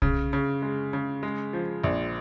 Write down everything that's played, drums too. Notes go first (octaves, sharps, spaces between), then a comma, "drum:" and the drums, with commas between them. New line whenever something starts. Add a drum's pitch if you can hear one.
C#3, drum: kick
C#3
G#3
C#3
G#3
F3
A#1